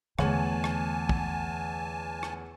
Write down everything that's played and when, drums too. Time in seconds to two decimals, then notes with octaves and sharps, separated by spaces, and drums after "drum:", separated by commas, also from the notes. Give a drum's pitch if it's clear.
0.19 E2 D3 A3 C#5 G#5 A5 F#7, drum: rim click
0.64 drum: rim click
1.09 drum: kick
2.23 drum: rim click